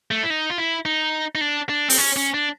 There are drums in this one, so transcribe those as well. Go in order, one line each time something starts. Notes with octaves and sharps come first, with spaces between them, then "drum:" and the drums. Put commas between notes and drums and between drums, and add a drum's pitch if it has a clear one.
A3
E4
D#4
F4
E4
D#4
D#4
D4
D4
C4, drum: open hi-hat
C#4
C#4
D4